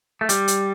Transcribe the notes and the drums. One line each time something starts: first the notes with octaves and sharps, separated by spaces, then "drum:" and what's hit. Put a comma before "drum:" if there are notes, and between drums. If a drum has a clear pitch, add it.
A3
G3, drum: hi-hat
drum: hi-hat